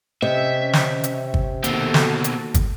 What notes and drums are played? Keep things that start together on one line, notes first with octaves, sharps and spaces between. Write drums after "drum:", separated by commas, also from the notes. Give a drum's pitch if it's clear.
C3 C#4 D#5 E5
drum: snare
drum: hi-hat
drum: kick
B2 D#3 A#3 C4 F#4 A4, drum: hi-hat
drum: snare
drum: hi-hat
drum: kick, hi-hat